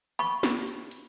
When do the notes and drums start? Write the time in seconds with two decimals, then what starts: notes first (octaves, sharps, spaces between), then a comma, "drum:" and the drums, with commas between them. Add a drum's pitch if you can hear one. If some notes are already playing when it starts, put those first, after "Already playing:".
0.19 B5 C#6, drum: hi-hat
0.43 drum: snare
0.67 drum: hi-hat
0.91 drum: hi-hat